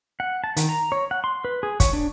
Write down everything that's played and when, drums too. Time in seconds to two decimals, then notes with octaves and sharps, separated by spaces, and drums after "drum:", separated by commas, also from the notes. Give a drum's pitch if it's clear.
0.20 F#5
0.44 A5
0.57 D#3, drum: hi-hat
0.69 A#5
0.92 C#5
1.11 F#5
1.24 C6
1.45 B4
1.63 G#4
1.80 C#5, drum: kick, hi-hat
1.93 D4